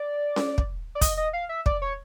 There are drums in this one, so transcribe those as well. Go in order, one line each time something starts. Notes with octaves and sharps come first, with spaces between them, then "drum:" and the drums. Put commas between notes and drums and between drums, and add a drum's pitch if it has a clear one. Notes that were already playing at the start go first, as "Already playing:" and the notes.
Already playing: D5
drum: snare C#4
drum: kick
D5
D#5, drum: kick, hi-hat
D#5
F5
E5
D5, drum: kick
C#5